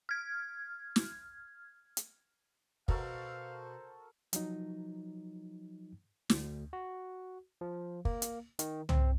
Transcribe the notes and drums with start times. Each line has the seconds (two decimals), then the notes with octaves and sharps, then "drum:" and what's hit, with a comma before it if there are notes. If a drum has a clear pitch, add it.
0.09 F6 G#6
0.96 drum: snare
1.97 drum: hi-hat
2.88 B2 F#4 A4 A#4 C5 F5, drum: kick
4.33 F3 F#3 D#4, drum: hi-hat
6.30 D2, drum: snare
6.73 F#4
7.61 F3
8.05 A#3, drum: kick
8.22 drum: hi-hat
8.59 D#3, drum: hi-hat
8.89 C4, drum: tom